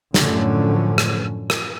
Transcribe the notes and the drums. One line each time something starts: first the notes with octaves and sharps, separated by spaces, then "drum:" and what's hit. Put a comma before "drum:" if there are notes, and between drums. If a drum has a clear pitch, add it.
F#2 A2 D3 F3 C#4, drum: snare
drum: rim click
drum: rim click